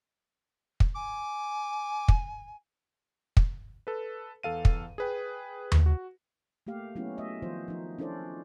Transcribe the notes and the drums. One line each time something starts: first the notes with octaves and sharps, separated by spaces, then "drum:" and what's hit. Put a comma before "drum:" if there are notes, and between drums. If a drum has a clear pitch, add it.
drum: kick
G#5 D6
drum: kick
drum: kick
A4 B4
E2 A4 F5 D#7
drum: kick
G#4 B4 G5
drum: tom D#2
F#4
A3 A#3 G4 F5
F#3 A3 B3 C#4 E4 F#4
A3 D#5 E5
D#3 F3 B3 F4 C5
F3 D#4
C#4 D4 E4 A4 C5 D5